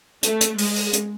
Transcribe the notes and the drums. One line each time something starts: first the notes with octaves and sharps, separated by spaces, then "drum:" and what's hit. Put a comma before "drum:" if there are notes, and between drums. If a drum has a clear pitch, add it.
A3, drum: hi-hat
drum: hi-hat
G#3, drum: open hi-hat
drum: open hi-hat
drum: hi-hat